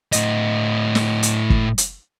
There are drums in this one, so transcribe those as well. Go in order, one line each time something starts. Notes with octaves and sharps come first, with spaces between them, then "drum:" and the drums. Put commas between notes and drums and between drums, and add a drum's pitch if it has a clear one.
A2 D#5, drum: hi-hat
drum: snare
drum: hi-hat
drum: kick
drum: hi-hat